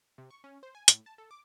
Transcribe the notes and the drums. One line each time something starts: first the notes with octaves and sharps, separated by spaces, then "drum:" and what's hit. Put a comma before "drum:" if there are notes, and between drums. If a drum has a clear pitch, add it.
C3
C#6
C#4
C5
G#5
A2, drum: hi-hat
A5
A4
D6